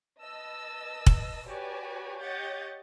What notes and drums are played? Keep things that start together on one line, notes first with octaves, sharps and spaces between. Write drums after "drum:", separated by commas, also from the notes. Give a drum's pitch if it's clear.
B4 D#5 A5 E6
drum: kick
F#4 G4 B4 C#5 D5 G#5
G4 C#5 D#5 F#5 G6 A6